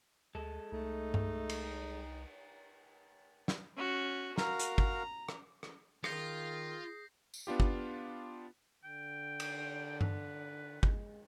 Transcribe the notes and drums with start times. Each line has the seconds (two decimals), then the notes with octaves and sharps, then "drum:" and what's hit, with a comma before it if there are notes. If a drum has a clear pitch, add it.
0.35 D2 G#3 A4
0.72 C2 A3 D#4
1.14 drum: tom G2
1.50 drum: cymbal
3.48 drum: snare
3.77 C#4 F#4
4.38 F#4 A#4 F5 A#5, drum: snare
4.59 drum: hi-hat
4.78 drum: kick G1
5.29 drum: rim click
5.63 drum: rim click
6.04 D#3 F4 G#4 G6 A#6 C7, drum: rim click
7.34 drum: tambourine
7.47 B3 D4 F4 G4
7.60 drum: kick G1
8.84 D3 G5
9.40 drum: cymbal
10.01 B4, drum: tom G2
10.83 G#3, drum: kick G1